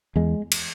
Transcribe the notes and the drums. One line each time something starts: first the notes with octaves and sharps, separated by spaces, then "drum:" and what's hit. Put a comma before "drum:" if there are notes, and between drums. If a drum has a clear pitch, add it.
E2 G#3
drum: cymbal